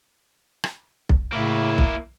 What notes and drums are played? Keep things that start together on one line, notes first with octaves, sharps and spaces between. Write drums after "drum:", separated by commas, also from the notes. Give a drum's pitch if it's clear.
drum: rim click
drum: kick B1
A2 C#3 A3 A#3 E4
drum: kick B1